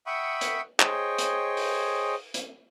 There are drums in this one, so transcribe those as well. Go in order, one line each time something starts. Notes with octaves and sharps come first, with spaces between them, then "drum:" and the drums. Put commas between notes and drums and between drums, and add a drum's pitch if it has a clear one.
E5 F#5 G5 B5 C#6 D#6
drum: hi-hat
G#4 C5 C#5 D#5 G5, drum: clap
drum: hi-hat
drum: open hi-hat
drum: hi-hat